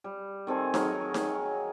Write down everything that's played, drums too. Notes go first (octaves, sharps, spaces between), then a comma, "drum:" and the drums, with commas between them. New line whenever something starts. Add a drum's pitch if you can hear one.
G3
D#3 C4 A4 G#5
F#3 G#4 A#4 C#5, drum: snare D#4
drum: snare D#4